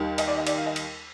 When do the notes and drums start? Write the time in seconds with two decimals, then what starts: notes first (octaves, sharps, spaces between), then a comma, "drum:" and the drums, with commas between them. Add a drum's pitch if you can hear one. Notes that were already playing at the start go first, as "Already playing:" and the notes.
Already playing: D#2 D#3 G3
0.18 D#5, drum: cymbal
0.28 D5
0.37 D#5
0.47 D5, drum: cymbal
0.57 F5
0.66 D#5
0.76 drum: cymbal